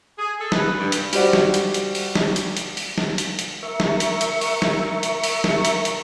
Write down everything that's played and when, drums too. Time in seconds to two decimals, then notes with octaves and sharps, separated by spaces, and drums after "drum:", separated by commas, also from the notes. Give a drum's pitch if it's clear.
0.18 G#4
0.39 A4
0.52 B4, drum: snare
0.78 G2
0.92 drum: hi-hat
1.13 G3 F#4 C5 D5 F#5, drum: open hi-hat
1.33 drum: snare
1.54 drum: hi-hat
1.74 drum: hi-hat
1.95 drum: open hi-hat
2.15 drum: snare
2.36 drum: hi-hat
2.57 drum: hi-hat
2.77 drum: open hi-hat
2.98 drum: snare
3.18 drum: hi-hat
3.39 drum: hi-hat
3.63 A#4 E5 C#6
3.80 drum: snare
4.00 drum: hi-hat
4.21 drum: hi-hat
4.41 drum: open hi-hat
4.62 drum: snare
5.03 drum: hi-hat
5.24 drum: open hi-hat
5.44 drum: snare
5.65 drum: hi-hat
5.85 drum: hi-hat